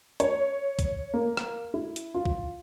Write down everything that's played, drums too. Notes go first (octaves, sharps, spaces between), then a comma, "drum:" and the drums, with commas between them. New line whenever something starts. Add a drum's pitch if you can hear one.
C#5, drum: hi-hat
drum: kick, hi-hat
A#3
drum: rim click
E4
drum: hi-hat
F4
drum: kick